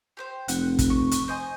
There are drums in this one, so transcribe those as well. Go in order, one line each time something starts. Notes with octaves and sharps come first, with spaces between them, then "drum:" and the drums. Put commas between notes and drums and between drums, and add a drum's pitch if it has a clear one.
G4 B4 C5
F1 F#5, drum: hi-hat
drum: kick, hi-hat
C#6
drum: hi-hat
C5 D#5 G#5